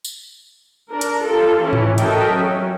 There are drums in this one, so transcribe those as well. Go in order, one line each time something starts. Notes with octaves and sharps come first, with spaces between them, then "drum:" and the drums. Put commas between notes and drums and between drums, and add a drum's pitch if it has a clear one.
drum: tambourine
D4 A#4
drum: hi-hat
F4 G4 A4
E3 C#4 E4
drum: tom G#2
F#4 A4 A#4 D#5 E5 G5, drum: hi-hat
F#3 C#4